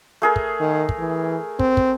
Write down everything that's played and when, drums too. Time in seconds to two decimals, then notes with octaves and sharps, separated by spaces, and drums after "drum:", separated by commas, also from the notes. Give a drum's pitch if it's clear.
0.22 A3 G#4 A#4
0.36 drum: kick
0.60 D#3
0.89 drum: kick
0.99 E3
1.59 C4, drum: kick
1.77 drum: kick